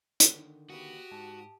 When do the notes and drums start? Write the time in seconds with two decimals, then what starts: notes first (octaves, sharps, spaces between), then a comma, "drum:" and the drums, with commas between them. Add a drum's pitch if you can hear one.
0.20 D3 D#3, drum: hi-hat
0.70 C2 A#2 F#4 G4 B4 D#6
1.12 G#2 A5